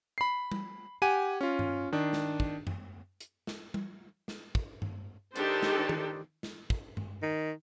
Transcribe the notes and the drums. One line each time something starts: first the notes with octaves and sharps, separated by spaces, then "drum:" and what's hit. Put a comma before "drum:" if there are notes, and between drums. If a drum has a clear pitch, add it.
B5 C7
drum: tom G3
G4 F#5 G#5 D#7
C#4 F4
drum: tom G2
D#3 D4
drum: snare
drum: kick
drum: tom F#2
drum: hi-hat
drum: snare
drum: tom G3
drum: snare
drum: kick
drum: tom G2
D#3 D4 G4 A4 C5, drum: hi-hat
drum: snare
drum: tom D#3
drum: snare
drum: kick
drum: tom G2
D#3